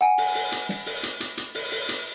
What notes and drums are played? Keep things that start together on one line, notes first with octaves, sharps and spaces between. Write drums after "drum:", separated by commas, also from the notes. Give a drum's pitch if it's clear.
F#5 G#5
drum: open hi-hat
drum: open hi-hat
drum: hi-hat
drum: snare
drum: open hi-hat
drum: hi-hat
drum: hi-hat
drum: hi-hat
drum: open hi-hat
drum: open hi-hat
drum: hi-hat